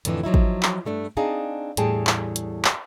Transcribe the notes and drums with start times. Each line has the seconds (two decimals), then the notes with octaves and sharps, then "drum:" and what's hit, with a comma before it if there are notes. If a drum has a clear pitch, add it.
0.05 F2 A2 D3 E3, drum: hi-hat
0.23 F3 F#3 D#4 E4
0.34 drum: kick G#1
0.63 drum: clap
0.85 G2 A3 D4
1.17 C4 D4 D#4 G#4 F5 A5
1.77 E2 A2 G3 G#4 G5 A5, drum: hi-hat
2.07 drum: clap
2.36 drum: hi-hat
2.65 drum: clap